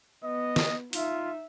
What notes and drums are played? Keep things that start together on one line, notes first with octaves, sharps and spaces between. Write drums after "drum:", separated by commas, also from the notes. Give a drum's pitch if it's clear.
B3 D#5
drum: snare
D#4 F4 E5, drum: open hi-hat